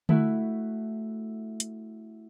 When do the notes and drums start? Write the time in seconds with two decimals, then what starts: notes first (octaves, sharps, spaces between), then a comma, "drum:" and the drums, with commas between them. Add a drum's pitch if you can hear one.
0.09 A3 E4 F#4, drum: tom D3
1.60 drum: hi-hat